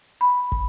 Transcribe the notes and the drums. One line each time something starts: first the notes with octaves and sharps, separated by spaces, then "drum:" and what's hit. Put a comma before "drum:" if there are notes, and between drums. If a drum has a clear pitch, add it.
B5
drum: kick